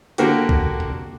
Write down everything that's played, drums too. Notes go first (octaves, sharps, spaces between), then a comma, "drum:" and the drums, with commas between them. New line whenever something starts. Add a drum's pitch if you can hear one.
D3 A#3 F#4 G4, drum: hi-hat
drum: kick
drum: tom